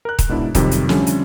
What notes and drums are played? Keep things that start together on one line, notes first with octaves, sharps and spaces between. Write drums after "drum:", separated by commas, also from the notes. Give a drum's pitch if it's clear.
A#4 F#6
drum: kick D#1, hi-hat
G#2 B2 D4 E4
F2 C3 D#3 F#3 G3, drum: kick D#1, hi-hat
drum: hi-hat
D3 F3 G3 A3 C4 C#4, drum: snare
drum: hi-hat